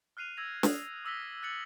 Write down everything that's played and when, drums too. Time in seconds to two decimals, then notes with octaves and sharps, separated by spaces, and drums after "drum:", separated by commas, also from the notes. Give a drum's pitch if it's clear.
0.17 F6 F#6 C7 D#7 F7
0.37 E6 G#6 A#6 F7
0.63 D#6, drum: snare
1.05 D6 E6 A#6 B6 G7
1.42 F#6 A6 C#7 F#7